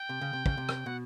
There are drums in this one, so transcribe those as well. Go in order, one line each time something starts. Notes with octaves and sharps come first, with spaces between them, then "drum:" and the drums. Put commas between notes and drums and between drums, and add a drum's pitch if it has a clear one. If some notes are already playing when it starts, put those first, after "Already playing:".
Already playing: G5
C3
C#3
C3
C#3, drum: kick
C3
drum: rim click
B2 F#5